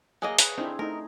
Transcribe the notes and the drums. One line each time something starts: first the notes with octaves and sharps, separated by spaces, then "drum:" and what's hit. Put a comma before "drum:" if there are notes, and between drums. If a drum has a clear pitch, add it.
F#3 A#3 G#4 D#5
B4 C#5, drum: hi-hat
D#3 C4 D4 E4
A3 D#4 A#4